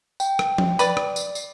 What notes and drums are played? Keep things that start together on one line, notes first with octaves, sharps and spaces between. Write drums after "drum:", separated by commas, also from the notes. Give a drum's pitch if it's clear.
G5, drum: tambourine
drum: rim click
drum: tom F3
B4 D5, drum: tambourine
drum: rim click
drum: tambourine
drum: tambourine